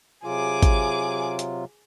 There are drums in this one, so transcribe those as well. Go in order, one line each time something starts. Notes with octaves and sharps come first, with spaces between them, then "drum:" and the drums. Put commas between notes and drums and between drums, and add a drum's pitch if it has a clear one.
C3 F#3 F4 G#4 D6
drum: kick, hi-hat
drum: hi-hat